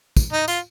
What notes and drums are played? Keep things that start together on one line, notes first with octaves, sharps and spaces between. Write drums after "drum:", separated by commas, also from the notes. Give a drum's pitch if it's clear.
drum: kick, tambourine
D#4
F4, drum: tambourine